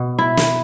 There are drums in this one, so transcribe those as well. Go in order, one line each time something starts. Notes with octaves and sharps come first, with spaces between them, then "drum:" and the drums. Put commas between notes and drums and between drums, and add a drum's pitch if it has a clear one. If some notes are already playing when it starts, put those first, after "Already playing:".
Already playing: B2
E4
drum: snare